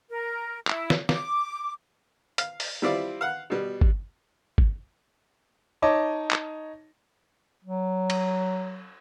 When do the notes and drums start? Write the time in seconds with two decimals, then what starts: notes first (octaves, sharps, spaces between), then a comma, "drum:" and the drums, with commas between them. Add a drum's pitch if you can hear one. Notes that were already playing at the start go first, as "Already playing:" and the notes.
0.10 A#4
0.67 E4, drum: clap
0.90 drum: snare
1.09 D6, drum: snare
2.38 F5, drum: hi-hat
2.60 drum: open hi-hat
2.82 G3 C4 E4 F4 D5
3.21 F5 F#5
3.50 B2 G3
3.81 drum: kick
4.58 drum: kick
5.82 D#4 C#5 D#5 A5 D6
6.31 drum: clap
7.65 F#3
8.10 drum: cymbal